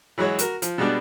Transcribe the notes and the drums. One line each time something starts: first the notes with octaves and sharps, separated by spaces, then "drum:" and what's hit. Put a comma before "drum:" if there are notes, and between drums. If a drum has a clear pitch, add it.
E3 F#3 G#3 F#4 C#5
F#4 A#4, drum: hi-hat
F3, drum: hi-hat
B2 G3 G#3 B3 D4